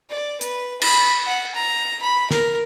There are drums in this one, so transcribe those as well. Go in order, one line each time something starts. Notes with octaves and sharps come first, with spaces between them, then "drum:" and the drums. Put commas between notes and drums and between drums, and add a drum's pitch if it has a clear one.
D5
B4, drum: hi-hat
B5, drum: cymbal
F#5
A#5
B5
A#4, drum: snare